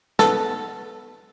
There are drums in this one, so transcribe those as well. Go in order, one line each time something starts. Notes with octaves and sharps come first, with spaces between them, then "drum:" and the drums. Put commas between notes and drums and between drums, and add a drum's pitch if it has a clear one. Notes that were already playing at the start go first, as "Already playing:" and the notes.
B3 A4, drum: snare